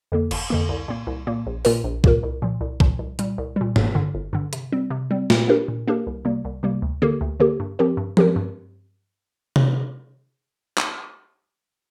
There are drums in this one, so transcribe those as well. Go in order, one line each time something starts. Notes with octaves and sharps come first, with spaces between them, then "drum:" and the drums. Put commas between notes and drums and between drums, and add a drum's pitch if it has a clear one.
F2 D3 A#3
G1, drum: cymbal
F2 D3 A#3
C2
A#2 A#3
C2
A#2 A#3
A#1
A#2 A#3 F4 A#4, drum: open hi-hat
A#1
A#2 A#3 F4 A#4, drum: kick
C2
A#2 F3
C2
A#2 F3, drum: kick
C2
A#2 G3, drum: hi-hat
C2
A#2 G3
G1, drum: tom G#2
G2 D3
G1
G2 D3
C3, drum: hi-hat
G3 C4
C3
G3 C4
A#2, drum: snare
A#3 D4 G4 A#4
A#2
A#3 D4 G4 A#4
C2
C3 G3 A#3
C2
C3 G3 A#3
D2
D3 A#3 G4 A#4
D2
D3 A#3 G4 A#4
G2
F3 C4 G4 A#4
G2
F3 C4 G4 A#4, drum: tom F3
G2
drum: tom C3
drum: clap